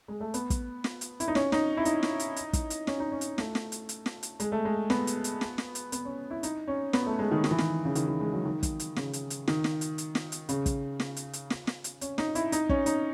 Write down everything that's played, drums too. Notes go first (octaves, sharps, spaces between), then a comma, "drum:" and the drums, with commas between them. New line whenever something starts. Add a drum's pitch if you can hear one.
G#3
A3
B3, drum: hi-hat
drum: kick, hi-hat
drum: snare
drum: hi-hat
E4, drum: hi-hat
D#4
C#4, drum: snare
D#4, drum: snare
E4
D#4, drum: hi-hat
drum: snare
drum: hi-hat
drum: hi-hat
drum: kick, hi-hat
drum: hi-hat
C#4, drum: snare
D#4
C#4
drum: hi-hat
A3, drum: snare
drum: snare
drum: hi-hat
drum: hi-hat
drum: snare
drum: hi-hat
G#3, drum: hi-hat
A3
G#3
B3, drum: snare
drum: hi-hat
drum: hi-hat
drum: snare
drum: snare
drum: hi-hat
B3, drum: hi-hat
C#4
E4
D#4, drum: hi-hat
C#4
B3, drum: snare
A3
G#3
D#3
D#3, drum: snare
E3
D#3, drum: snare
C#3
D#3, drum: hi-hat
E3
G#3
F#3
D#3
drum: kick, hi-hat
drum: hi-hat
C#3, drum: snare
drum: hi-hat
drum: hi-hat
D#3, drum: snare
drum: snare
drum: hi-hat
drum: hi-hat
drum: snare
drum: hi-hat
C#3, drum: hi-hat
drum: kick, hi-hat
drum: snare
drum: hi-hat
drum: hi-hat
drum: snare
drum: snare
drum: hi-hat
C#4, drum: hi-hat
D#4, drum: snare
E4, drum: hi-hat
D#4, drum: hi-hat
C#4, drum: kick
D#4, drum: hi-hat